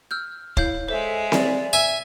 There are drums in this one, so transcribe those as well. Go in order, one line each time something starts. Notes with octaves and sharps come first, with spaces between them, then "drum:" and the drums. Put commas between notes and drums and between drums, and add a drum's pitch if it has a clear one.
E6 F6 G6
E4 C#5 F5 G6, drum: kick
G#3 A4 C5 E5
D5, drum: snare C4
E5 G#5 B6